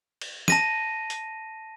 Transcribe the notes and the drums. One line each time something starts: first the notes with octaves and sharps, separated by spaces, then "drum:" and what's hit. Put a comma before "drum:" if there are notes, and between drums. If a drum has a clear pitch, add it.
drum: cymbal
A5 A#6 D#7, drum: snare
drum: hi-hat